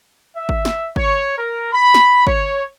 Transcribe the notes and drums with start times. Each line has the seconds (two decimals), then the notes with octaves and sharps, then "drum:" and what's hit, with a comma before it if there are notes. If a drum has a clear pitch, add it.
0.36 E5
0.49 drum: kick G#1
0.65 drum: snare
0.96 C#5, drum: kick G#1
1.37 A#4
1.73 B5
1.94 drum: snare
2.27 C#5, drum: kick G#1